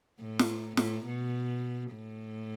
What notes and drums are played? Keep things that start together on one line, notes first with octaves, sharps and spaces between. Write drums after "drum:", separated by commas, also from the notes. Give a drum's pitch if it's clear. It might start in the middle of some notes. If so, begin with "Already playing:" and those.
A2
drum: snare
A2, drum: snare
B2
A2